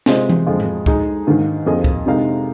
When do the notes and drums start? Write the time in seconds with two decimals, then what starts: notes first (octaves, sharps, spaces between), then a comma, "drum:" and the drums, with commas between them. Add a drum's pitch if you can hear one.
0.06 C3 G#3 F4 C5 D#5, drum: snare
0.30 drum: tom E3
0.47 F2 F3 G#3 F4
0.60 drum: tom G#2
0.86 G#3 D#4 G#4, drum: kick C2
1.27 G#2 D#3 A#3
1.66 F2 F3 A#3 G#4 D#5
1.84 drum: kick C2
2.06 C3 G#3 D#4 A#4 F5